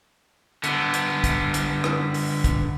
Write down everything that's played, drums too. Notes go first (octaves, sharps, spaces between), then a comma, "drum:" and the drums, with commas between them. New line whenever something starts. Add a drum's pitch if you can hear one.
D3 B3, drum: hi-hat
drum: hi-hat
drum: kick, hi-hat
drum: hi-hat
drum: rim click
drum: open hi-hat
drum: kick, hi-hat